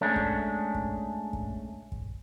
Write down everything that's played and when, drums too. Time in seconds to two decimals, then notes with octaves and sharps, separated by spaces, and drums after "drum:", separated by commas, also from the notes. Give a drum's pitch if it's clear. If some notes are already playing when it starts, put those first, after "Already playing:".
0.01 G#3 A3 C#4 D4
0.16 drum: kick
0.75 drum: kick
1.33 drum: kick
1.92 drum: kick